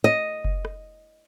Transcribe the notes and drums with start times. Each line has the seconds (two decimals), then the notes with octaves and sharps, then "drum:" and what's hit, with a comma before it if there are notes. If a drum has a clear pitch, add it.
0.04 D#5
0.45 drum: kick F#1
0.65 drum: rim click